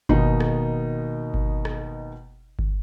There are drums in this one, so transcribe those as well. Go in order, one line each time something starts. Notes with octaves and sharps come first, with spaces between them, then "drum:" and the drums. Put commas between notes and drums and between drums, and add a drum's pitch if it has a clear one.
B2 D#3 A#3 D#4, drum: kick G1
drum: rim click
drum: kick G1
drum: rim click
drum: kick G1